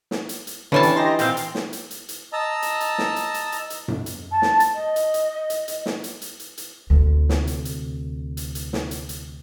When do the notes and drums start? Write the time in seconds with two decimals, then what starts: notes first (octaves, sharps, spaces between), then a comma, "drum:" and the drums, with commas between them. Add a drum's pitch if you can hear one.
0.11 drum: snare
0.29 drum: hi-hat
0.47 drum: hi-hat
0.72 D3 E3 G3 C#4 D4 G#5 A5
0.83 drum: hi-hat
0.96 D#4 G4 C6 A#6
1.19 A#2 C4 F5 G5, drum: hi-hat
1.37 drum: hi-hat
1.55 drum: snare
1.73 drum: hi-hat
1.91 drum: hi-hat
2.09 drum: hi-hat
2.33 D#5 A5 A#5 E6
2.62 drum: hi-hat
2.80 drum: hi-hat
2.98 drum: snare
3.16 drum: hi-hat
3.34 drum: hi-hat
3.52 drum: hi-hat
3.70 drum: hi-hat
3.88 drum: tom F#2
4.06 drum: hi-hat
4.31 A5
4.42 drum: snare
4.60 drum: hi-hat
4.74 D#5
4.96 drum: hi-hat
5.14 drum: hi-hat
5.50 drum: hi-hat
5.68 drum: hi-hat
5.86 drum: snare
6.04 drum: hi-hat
6.22 drum: hi-hat
6.40 drum: hi-hat
6.58 drum: hi-hat
6.90 D2 C3
7.29 drum: snare
7.47 drum: hi-hat
7.65 drum: hi-hat
8.37 drum: hi-hat
8.55 drum: hi-hat
8.73 drum: snare
8.91 drum: hi-hat
9.09 drum: hi-hat